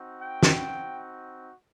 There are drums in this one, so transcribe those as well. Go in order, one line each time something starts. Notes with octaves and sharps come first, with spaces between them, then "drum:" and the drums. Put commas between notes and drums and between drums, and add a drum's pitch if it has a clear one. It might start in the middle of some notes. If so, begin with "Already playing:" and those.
Already playing: C4 D#4 F#4
G5
drum: snare